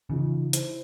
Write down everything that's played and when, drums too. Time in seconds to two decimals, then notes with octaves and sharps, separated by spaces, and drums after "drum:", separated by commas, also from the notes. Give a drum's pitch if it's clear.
0.10 C#3 E3 D#4 F4
0.53 E4 C5, drum: hi-hat